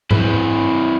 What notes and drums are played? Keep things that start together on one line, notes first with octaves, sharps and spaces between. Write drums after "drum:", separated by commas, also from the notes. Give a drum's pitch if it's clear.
C4 E4 B4, drum: tom G#2